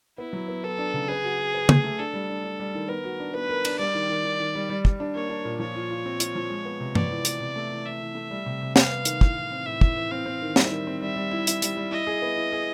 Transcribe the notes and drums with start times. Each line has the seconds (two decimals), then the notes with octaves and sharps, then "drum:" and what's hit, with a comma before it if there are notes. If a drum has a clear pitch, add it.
0.18 B3 E4
0.33 F#3
0.48 B3
0.64 B3 A4
0.78 D4
0.94 C#3
1.09 G#4 B4
1.24 F#4
1.39 F#4
1.54 B4
1.69 B4, drum: tom
1.84 A3
1.99 D4 A4
2.14 G3
2.29 D4
2.44 D4
2.60 G3
2.75 D#3
2.89 B3 A#4
3.04 F#4
3.20 D4
3.34 B3 B4
3.49 A#4
3.65 D4, drum: cymbal
3.79 G3 D5
3.95 D#3
4.09 D#3
4.24 D#3
4.40 D#3
4.55 G3
4.69 G3
4.85 G3, drum: kick
5.00 D4
5.15 A#3 C#5
5.29 D4
5.45 A#2
5.60 F3 C#5
5.75 F4
5.91 F4
6.05 C4
6.20 F4, drum: hi-hat
6.35 F3
6.50 G#3
6.65 B3
6.80 C3
6.95 B3 D5, drum: tom
7.10 E3
7.25 B3, drum: hi-hat
7.40 C3
7.56 A3
7.71 E3
7.86 E3 E5
8.01 E3
8.15 A3
8.31 G3
8.46 C3
8.61 C3
8.76 B3 F5, drum: snare
8.91 B3
9.05 D#3, drum: hi-hat
9.21 A2, drum: kick
9.36 E3
9.51 C4
9.66 A2 E5
9.81 A2, drum: kick
9.96 E3
10.11 C4 F5
10.26 C4
10.42 D#3
10.56 G3 E5, drum: snare
10.71 D#3
10.87 C4
11.01 G3 E5
11.16 G3
11.31 E4
11.47 E4, drum: hi-hat
11.62 G3, drum: hi-hat
11.77 G3
11.91 E4 D#5
12.07 G#4
12.22 B3
12.37 E4
12.52 G#4